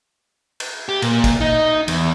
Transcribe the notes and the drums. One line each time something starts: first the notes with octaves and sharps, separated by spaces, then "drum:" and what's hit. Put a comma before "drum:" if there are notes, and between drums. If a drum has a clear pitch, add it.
drum: cymbal
G4
A#2, drum: cymbal
drum: kick, cymbal
D#4
E2, drum: cymbal